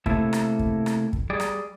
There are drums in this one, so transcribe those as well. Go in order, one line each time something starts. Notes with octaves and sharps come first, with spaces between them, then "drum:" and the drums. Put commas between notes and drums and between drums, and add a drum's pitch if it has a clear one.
C3 A3 A#3 E4 A4, drum: kick
drum: rim click
drum: kick
drum: rim click
drum: kick
G3 G#4 D5
drum: rim click